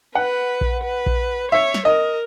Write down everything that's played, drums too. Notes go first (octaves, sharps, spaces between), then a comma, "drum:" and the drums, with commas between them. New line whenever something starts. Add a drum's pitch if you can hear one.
B4 F#5
drum: kick A#1
B4
drum: kick A#1
C#5 E5
drum: snare
A#4 D#5